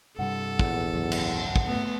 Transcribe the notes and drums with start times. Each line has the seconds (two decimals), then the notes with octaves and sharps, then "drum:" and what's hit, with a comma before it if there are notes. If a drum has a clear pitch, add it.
0.19 G2 C3 G3 A4 F#5
0.59 A#1 E2, drum: kick
0.93 G#1 C#2 F#2
1.12 drum: cymbal
1.56 drum: kick
1.66 A3 B3